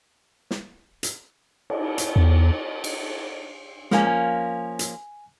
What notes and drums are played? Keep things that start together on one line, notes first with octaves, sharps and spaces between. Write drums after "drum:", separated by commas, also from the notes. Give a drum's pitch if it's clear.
drum: snare
drum: hi-hat
drum: cymbal
drum: hi-hat
E2
drum: cymbal
F3 G#3 A#3 C#4 G#5, drum: snare
G#5
drum: hi-hat